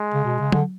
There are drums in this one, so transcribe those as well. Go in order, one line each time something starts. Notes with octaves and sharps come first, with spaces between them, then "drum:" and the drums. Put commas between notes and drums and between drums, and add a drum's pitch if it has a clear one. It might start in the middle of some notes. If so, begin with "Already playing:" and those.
Already playing: G#3
C#3
B2
C#3
D3, drum: tom